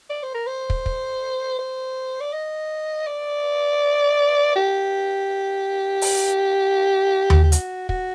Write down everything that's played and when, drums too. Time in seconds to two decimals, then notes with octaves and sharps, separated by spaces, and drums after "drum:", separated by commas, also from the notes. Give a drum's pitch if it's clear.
0.10 D5
0.23 C5
0.34 A#4
0.47 C5
0.70 drum: kick
0.86 drum: kick
1.59 C5
2.21 D5
2.32 D#5
3.07 D5
4.56 G4
6.02 drum: open hi-hat
7.30 drum: tom D#2
7.44 G4
7.52 F#4, drum: hi-hat
7.89 F#4, drum: kick